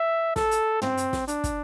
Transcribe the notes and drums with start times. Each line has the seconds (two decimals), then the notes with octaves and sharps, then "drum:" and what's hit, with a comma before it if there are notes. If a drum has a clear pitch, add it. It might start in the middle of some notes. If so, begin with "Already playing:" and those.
Already playing: E5
0.36 A4, drum: snare
0.51 drum: hi-hat
0.82 C4, drum: tom
0.97 drum: hi-hat
1.13 drum: snare
1.28 D4, drum: hi-hat
1.44 drum: kick, hi-hat